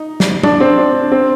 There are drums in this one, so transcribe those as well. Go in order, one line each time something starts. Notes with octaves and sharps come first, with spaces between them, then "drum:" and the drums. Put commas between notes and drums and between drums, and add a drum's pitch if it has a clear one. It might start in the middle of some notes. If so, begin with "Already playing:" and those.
Already playing: D#4
drum: snare
D4, drum: tom
C4
D4
C4